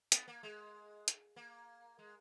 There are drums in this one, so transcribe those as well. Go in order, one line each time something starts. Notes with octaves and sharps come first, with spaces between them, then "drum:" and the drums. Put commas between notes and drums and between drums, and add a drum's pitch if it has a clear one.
B3, drum: hi-hat
A#3
G#3
drum: hi-hat
A#3
G#3